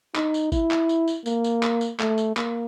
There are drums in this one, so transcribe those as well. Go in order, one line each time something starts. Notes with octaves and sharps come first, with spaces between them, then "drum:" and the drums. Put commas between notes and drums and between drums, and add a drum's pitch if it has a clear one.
D#4, drum: clap
drum: tambourine
E4, drum: kick, tambourine
drum: clap
drum: tambourine
drum: tambourine
A#3, drum: tambourine
drum: tambourine
drum: clap
drum: tambourine
A3, drum: clap
drum: tambourine
A#3, drum: clap